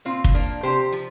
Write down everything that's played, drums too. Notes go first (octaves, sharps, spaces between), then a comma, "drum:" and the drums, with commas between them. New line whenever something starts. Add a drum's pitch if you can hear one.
A#2 C4 F4
drum: kick
F3 A#3 D4
C3 G4 C5
F3